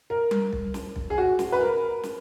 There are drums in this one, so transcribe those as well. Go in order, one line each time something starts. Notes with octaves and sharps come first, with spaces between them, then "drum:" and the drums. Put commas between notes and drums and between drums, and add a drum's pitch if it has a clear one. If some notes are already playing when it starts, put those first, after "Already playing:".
A#4
drum: tom G3
drum: kick B1
drum: snare
drum: kick B1
G#4
F#4
drum: snare
B4
A#4
drum: snare